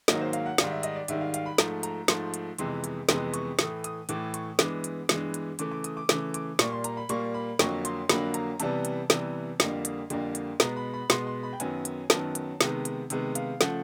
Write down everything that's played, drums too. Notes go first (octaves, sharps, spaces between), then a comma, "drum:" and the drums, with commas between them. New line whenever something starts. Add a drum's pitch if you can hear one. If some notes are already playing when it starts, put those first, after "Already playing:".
G#2 D#3 F#3 A#3 D#5, drum: snare
C5
F5, drum: hi-hat
F#5
G#2 D#3 G3 F5, drum: snare
E5
D#5, drum: hi-hat
D5
G#2 D#3 G3 E5, drum: hi-hat
F5
F5, drum: hi-hat
B5
G#2 F3 A3 A#5, drum: snare
A#5, drum: hi-hat
G#2 F3 A3 C6, drum: snare
drum: hi-hat
F2 C3 E3 G#3 B3 C6, drum: hi-hat
drum: hi-hat
F2 C3 E3 G#3 B3 C6, drum: snare
C#6, drum: hi-hat
A2 E3 A3 D#6, drum: snare
D#6, drum: hi-hat
A2 E3 A3 D6, drum: hi-hat
C#6, drum: hi-hat
G2 E3 G#3 B3 D6, drum: snare
drum: hi-hat
G2 E3 G#3 B3, drum: snare
drum: hi-hat
C#3 E3 A3 D6, drum: hi-hat
D6
D#6, drum: hi-hat
D6
C#3 E3 A3 D6, drum: snare
D6, drum: hi-hat
A#2 G3 A#3 C#6, drum: snare
C6
A#5, drum: hi-hat
B5
A#2 G3 A#3 C#6, drum: hi-hat
B5
F2 D3 F#3 A#3 C#6, drum: snare
C6, drum: hi-hat
F2 D3 F#3 A#3 B5, drum: snare
A#5, drum: hi-hat
C3 E3 G3 B3 A5, drum: hi-hat
drum: hi-hat
C3 E3 G3 B3, drum: snare
F2 D3 G3 A#3, drum: snare
drum: hi-hat
F2 D3 G3 A#3, drum: hi-hat
drum: hi-hat
B2 G#3 B3 A#5, drum: snare
B5
B5
B2 G#3 B3 C6, drum: snare
C6
B5
G5
F#2 D#3 F#3 B3 G#5, drum: hi-hat
drum: hi-hat
F#2 D#3 F#3 B3 A5, drum: snare
drum: hi-hat
C3 D#3 G#3 B3, drum: snare
drum: hi-hat
C3 D#3 G#3 B3, drum: hi-hat
F5, drum: hi-hat
C#3 F3 A3 F#5, drum: snare